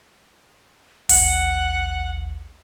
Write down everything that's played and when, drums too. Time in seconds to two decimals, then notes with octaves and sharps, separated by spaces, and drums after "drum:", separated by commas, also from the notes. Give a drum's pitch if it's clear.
1.09 A1 D#2 F#5, drum: open hi-hat